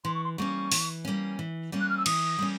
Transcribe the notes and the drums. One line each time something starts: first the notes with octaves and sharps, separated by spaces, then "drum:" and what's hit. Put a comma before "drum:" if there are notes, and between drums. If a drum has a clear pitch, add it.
E3 C6
C#6
C6
G3 A#3 C#4 C#6
E3, drum: open hi-hat
G3 A#3 C#4
E3
G3 A#3 C#4
F#6
F6
E6
E3 D#6, drum: cymbal
G3 A#3 C#4